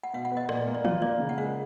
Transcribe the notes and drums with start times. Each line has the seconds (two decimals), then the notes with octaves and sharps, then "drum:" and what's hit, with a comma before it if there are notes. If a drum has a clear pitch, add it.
0.03 F#5
0.13 B2 F5
0.25 F#5
0.31 B3
0.37 D#5
0.49 A#2 D5, drum: rim click
0.67 A#3
0.74 D5
0.85 F4 C#5, drum: tom D#3
1.02 A#3 D5
1.20 C#3
1.29 F#5
1.38 G#3 F5